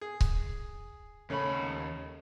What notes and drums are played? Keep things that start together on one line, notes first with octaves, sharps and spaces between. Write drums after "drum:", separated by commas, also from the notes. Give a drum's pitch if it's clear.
G#4
drum: kick C#1
D#2 C#3 A3 C#4 B5